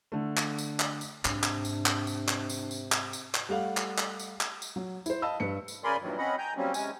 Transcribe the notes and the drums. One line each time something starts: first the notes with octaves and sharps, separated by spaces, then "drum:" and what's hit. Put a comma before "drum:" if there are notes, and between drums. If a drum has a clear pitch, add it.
D3 A3
drum: clap
drum: tambourine
drum: clap
drum: tambourine
G#2 C3 D4, drum: clap
drum: clap
drum: tambourine
drum: clap
drum: tambourine
drum: clap
drum: tambourine
drum: tambourine
drum: clap
drum: tambourine
drum: clap
G3 A3 F5 F#5
drum: clap
drum: clap
drum: tambourine
drum: clap
drum: tambourine
F#3
E4 C5, drum: tambourine
D#5 F5 A5 B5 E6
G2 B4 C#7
drum: tambourine
C#3 A#4 D5 G#5 B5 C6
G2 A#2 D#3 E3 F#3
C4 C#4 D#5 F#5 B5
G5 G#5 A#5 G6
F#3 G3 A#3 C4 C#4
C3 G#3 C#4 G#5, drum: tambourine